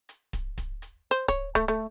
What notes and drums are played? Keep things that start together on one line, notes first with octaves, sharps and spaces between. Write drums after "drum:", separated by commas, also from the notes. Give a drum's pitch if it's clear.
drum: hi-hat
drum: kick D1, hi-hat
drum: kick D1, hi-hat
drum: hi-hat
C5
C#5, drum: kick D1, hi-hat
A3, drum: kick D1, hi-hat
A3